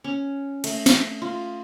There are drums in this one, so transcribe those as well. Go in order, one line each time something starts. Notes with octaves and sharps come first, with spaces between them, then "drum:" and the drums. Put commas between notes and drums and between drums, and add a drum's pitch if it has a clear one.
C#4
A3, drum: cymbal
drum: snare
F4